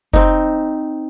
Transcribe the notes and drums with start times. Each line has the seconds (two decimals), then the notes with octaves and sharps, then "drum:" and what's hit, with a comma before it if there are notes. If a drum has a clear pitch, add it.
0.13 C4 D#4, drum: kick F#1